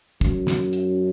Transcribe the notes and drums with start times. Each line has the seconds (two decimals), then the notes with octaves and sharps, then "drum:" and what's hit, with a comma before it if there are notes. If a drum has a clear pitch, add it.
0.21 F#2, drum: kick, hi-hat
0.47 drum: snare
0.73 drum: hi-hat